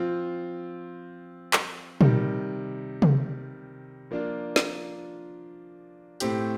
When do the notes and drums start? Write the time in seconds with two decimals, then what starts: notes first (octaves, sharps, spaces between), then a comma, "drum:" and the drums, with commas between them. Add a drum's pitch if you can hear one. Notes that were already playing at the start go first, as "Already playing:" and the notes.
Already playing: F3 C4 F4
1.53 drum: clap
2.01 C3 D#3 G3, drum: tom
3.02 drum: tom C3
4.11 F3 A#3 D4 F4
4.56 drum: snare
6.20 A2 A3 C4 G4, drum: hi-hat